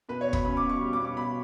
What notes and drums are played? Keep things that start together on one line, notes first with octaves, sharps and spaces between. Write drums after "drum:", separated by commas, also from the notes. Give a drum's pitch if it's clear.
B2 B4
C#5
B2
B5, drum: kick
C#4 B5
D6
B2
C#6
G3
D6
B2
D6
B2 B5